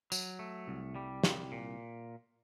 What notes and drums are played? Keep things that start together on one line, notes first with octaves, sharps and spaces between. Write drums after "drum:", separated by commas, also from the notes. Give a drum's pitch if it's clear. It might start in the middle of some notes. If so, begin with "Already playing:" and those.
F#3, drum: tambourine
A3
C2
G3
C2, drum: snare
A#2